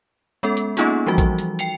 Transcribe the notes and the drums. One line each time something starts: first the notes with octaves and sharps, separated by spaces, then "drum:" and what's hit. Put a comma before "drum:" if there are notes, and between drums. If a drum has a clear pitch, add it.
G#3 B3 C#4 A4
drum: hi-hat
A#3 B3 C#4 D#4 F4 G#4, drum: hi-hat
E3 F3 G3 F#4
drum: kick A#1, hi-hat
drum: hi-hat
G5 C7 C#7 F7, drum: hi-hat